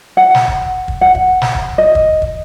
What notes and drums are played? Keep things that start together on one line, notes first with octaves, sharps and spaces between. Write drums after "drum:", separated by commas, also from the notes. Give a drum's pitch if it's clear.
F#5
drum: snare
drum: kick
drum: kick
F#5
drum: kick
drum: snare
drum: kick
D#5
drum: kick
drum: kick